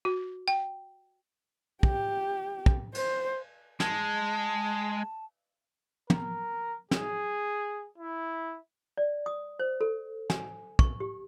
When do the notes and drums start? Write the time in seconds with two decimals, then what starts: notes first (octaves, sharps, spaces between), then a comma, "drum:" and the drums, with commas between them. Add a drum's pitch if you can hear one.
0.05 F#4
0.48 G5
1.83 G4, drum: kick
2.66 drum: kick
2.95 C5, drum: cymbal
3.80 G#3 A5, drum: snare
6.10 A#4, drum: tom
6.91 G#4, drum: snare
7.98 E4
8.97 D5
9.26 D#6
9.59 C5
9.81 A4
10.30 G#5, drum: snare
10.79 C#6, drum: kick
11.00 G4